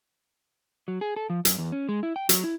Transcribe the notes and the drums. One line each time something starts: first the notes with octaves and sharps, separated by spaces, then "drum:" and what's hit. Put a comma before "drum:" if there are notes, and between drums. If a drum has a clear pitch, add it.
F#3
G#4
A4
F3
F#2, drum: hi-hat
E2
C#4
G#3
E4
G5
F#3, drum: hi-hat
E4